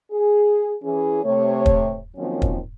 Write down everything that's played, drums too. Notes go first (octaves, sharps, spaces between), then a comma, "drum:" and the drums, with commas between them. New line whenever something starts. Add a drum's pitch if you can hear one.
G#4
E3 C#4 G#4
C3 A3 C#5
drum: kick
D#3 F3 F#3 A#3 C4 C#4
drum: kick